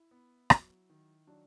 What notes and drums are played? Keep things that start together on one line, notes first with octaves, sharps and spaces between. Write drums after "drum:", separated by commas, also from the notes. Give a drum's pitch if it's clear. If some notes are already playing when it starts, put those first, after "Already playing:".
Already playing: E4
B3
F#3, drum: rim click
D#3
F#3 D4